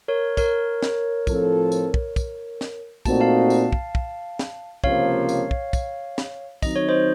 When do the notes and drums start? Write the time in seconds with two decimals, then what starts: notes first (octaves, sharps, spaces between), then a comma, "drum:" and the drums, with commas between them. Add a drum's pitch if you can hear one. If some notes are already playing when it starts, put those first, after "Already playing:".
0.08 A#4 C#5
0.37 A#4 C#5, drum: kick, tambourine
0.82 drum: snare
1.27 A2 F3 C4 F4 A4, drum: kick, tambourine
1.72 drum: tambourine
1.94 drum: kick
2.16 drum: kick, tambourine
2.61 drum: snare
3.05 A#2 A3 C4 D#4 F#4 A5, drum: kick, tambourine
3.21 F5 A5
3.50 drum: tambourine
3.72 drum: kick
3.95 drum: kick
4.39 drum: snare
4.84 C#2 C3 F3 A#3 C#5 F5, drum: kick
5.29 drum: tambourine
5.51 drum: kick
5.73 drum: kick, tambourine
6.18 drum: snare
6.63 D#3 F#3 C4 D#4 D#5, drum: kick, tambourine
6.76 C#5
6.89 C5 D#5